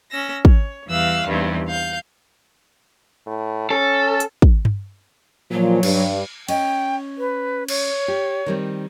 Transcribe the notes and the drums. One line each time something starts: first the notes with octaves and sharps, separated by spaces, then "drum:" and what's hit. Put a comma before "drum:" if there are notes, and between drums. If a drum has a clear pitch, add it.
C#4 E6 A#6
C#5, drum: kick
E2 E3 G3 F5 E6 F#6
E2 G2 D#3 E3 G3 C4
F5 G6
A2
C#4 A4
drum: hi-hat
drum: kick
drum: tom G2
A#2 F3 F#3
G2, drum: cymbal
C#4 D#5 G5, drum: cymbal
B4
C#5, drum: cymbal
G4
D#3 G3 C4